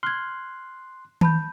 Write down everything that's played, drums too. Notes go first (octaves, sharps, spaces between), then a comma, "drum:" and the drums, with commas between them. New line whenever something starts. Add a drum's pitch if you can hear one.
C6 F6 F#6 G#6
A5 B5 G6, drum: tom D#3